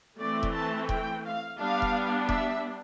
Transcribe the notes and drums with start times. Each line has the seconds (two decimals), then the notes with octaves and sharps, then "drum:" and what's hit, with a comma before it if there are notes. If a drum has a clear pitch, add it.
0.20 E3 A3 C4 D5
0.43 drum: kick E1
0.54 A5
0.89 G5, drum: kick E1
1.25 F5
1.59 G3 B3 D4 F5
1.82 drum: kick E1
2.29 E5, drum: kick E1